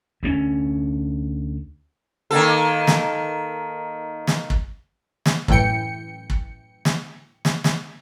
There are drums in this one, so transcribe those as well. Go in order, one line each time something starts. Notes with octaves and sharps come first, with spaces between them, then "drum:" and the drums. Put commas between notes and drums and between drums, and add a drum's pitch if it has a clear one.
D2 A3 C#4
D#3 A#3 A4
drum: snare
drum: snare
drum: kick
drum: snare
F#2 A2 E3 G5 C#7, drum: kick
drum: kick
drum: snare
drum: snare
drum: snare